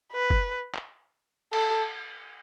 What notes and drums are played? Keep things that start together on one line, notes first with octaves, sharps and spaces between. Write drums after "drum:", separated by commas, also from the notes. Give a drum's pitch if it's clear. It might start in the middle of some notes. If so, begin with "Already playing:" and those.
B4
drum: kick F#1
drum: clap
A4, drum: cymbal